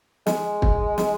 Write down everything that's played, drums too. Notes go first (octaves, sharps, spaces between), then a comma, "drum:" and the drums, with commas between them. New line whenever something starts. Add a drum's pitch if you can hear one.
G#3, drum: snare
drum: kick
drum: snare